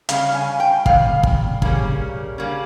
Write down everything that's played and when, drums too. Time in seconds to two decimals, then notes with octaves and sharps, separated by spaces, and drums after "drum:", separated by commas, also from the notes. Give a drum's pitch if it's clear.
0.09 C#3 G3 C#4 F5, drum: hi-hat
0.34 G#5
0.60 G5
0.86 C#3 G3 F5, drum: kick
1.23 drum: kick
1.62 C#3 G3 A#3 C#4, drum: kick
2.38 C#3 G3 A#3 C#4